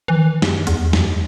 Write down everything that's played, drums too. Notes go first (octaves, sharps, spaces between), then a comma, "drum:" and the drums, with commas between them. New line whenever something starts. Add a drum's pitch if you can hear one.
E3
D#3
F#2, drum: snare
E2, drum: hi-hat
F#2, drum: snare